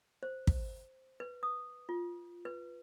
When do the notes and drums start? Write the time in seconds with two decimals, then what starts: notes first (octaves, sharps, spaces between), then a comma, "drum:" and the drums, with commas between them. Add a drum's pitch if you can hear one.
0.23 C5
0.47 drum: kick
1.20 B4
1.43 D#6
1.89 F4
2.45 B4